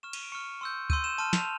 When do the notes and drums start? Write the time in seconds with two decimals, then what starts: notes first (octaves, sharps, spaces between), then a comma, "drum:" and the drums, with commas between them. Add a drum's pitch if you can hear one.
0.03 C#6 F6 E7
0.13 D#7, drum: cymbal
0.23 D7
0.32 C#6 F6 C#7
0.61 C6 E6 G6
0.90 C6 E6 G6 D#7, drum: kick
1.04 E7
1.18 A5 C6 F6 D#7
1.33 F7, drum: snare